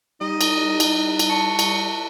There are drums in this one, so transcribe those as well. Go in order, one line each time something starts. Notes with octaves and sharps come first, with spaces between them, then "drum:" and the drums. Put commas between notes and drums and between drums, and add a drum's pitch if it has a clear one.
G3 D#4 D#5
drum: cymbal
drum: cymbal
drum: cymbal
A5 C#6
drum: cymbal